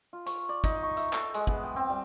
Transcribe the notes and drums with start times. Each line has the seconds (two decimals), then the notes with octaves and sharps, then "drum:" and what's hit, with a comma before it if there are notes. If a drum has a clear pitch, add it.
0.13 F4
0.26 C#6, drum: hi-hat
0.49 D5
0.64 D#4, drum: kick, hi-hat
0.83 C#6
0.97 E5, drum: hi-hat
1.13 A4, drum: clap
1.34 G#3, drum: hi-hat
1.47 B3, drum: kick
1.64 G5
1.76 C4
1.90 G3